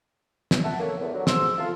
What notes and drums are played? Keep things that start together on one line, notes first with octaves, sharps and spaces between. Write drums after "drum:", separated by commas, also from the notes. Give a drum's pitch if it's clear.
drum: snare
E5 F#5 A5
A#3 A4 C#5
E2
D3 F#3
G#2 C6 E6, drum: snare
F4 A4